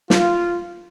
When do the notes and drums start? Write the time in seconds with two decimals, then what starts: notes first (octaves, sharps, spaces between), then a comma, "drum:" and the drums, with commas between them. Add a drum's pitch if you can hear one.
0.10 F4, drum: snare